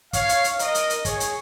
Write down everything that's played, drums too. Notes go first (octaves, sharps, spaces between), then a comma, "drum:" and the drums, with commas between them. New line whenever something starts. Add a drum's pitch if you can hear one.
C#5 F5, drum: kick, hi-hat
drum: hi-hat
drum: hi-hat
A#4 D#5, drum: hi-hat
drum: hi-hat
drum: hi-hat
G#4 C#5, drum: kick, hi-hat
drum: hi-hat